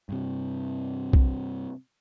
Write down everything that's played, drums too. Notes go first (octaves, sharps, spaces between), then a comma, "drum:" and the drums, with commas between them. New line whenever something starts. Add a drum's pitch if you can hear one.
G2 C3
drum: kick B1